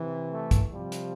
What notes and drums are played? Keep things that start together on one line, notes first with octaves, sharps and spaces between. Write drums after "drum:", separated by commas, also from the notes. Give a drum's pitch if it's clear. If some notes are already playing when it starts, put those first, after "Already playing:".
Already playing: C3 E3
A3
drum: kick, hi-hat
C3 F3 G3
drum: hi-hat